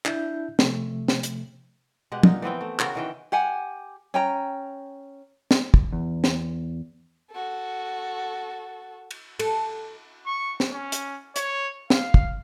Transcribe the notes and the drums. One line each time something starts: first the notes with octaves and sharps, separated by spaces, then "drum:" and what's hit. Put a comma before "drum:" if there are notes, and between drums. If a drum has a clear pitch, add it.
D4 E4 E5 G6, drum: clap
C3 F3 A3, drum: snare
drum: snare
drum: hi-hat
B2 G#3 G4 F#5
A#2 D#4, drum: tom
E3 B3 C4 G5
A3
C#3 C4 F#4 A#4, drum: clap
D#3 E3 G5
G4 F#5 G#5
C#4 G5 A#5
drum: snare
drum: kick
E2
drum: snare
F#4 A4
drum: cymbal
A4, drum: cymbal
C#6
drum: snare
C#4
drum: hi-hat
C#5, drum: hi-hat
F5, drum: snare
drum: kick